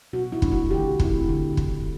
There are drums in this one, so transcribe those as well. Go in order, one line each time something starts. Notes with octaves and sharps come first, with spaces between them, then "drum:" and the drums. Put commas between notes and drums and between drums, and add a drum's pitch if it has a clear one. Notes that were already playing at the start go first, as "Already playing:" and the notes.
B2 F#4
E4
A3 D4, drum: kick
F#4
D3 G4
A3 C4 E4, drum: kick
D3
drum: kick